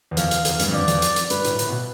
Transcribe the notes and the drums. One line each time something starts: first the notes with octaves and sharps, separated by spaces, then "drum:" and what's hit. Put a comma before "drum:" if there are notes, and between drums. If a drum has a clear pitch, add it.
E2
F2 F5, drum: hi-hat
E2, drum: hi-hat
E2, drum: hi-hat
G2, drum: hi-hat
F2
E2 D5
F2, drum: hi-hat
drum: hi-hat
drum: hi-hat
G2 B4, drum: hi-hat
A2, drum: hi-hat
A2 B4, drum: hi-hat
B2